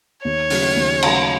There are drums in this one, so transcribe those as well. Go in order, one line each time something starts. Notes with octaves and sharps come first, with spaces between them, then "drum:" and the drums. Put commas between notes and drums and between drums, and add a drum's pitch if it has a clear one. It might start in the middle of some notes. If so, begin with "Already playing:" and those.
D#2 C#5
C#3 F#3 A3, drum: open hi-hat
D#2
C#3 F#3 A3, drum: cymbal